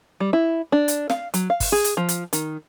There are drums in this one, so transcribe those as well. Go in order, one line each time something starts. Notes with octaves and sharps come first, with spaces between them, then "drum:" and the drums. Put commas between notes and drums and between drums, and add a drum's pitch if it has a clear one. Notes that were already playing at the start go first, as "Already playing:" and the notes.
G3
E4
D4
drum: hi-hat
F5, drum: snare
F#3, drum: hi-hat
F5
drum: kick, open hi-hat
G#4
drum: hi-hat
F3
drum: hi-hat
D#3, drum: hi-hat